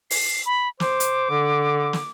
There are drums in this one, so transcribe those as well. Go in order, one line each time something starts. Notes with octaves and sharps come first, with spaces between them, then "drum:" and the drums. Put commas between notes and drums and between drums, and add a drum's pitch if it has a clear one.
C7, drum: open hi-hat
B5
C5 D6, drum: snare
drum: hi-hat
D3
drum: snare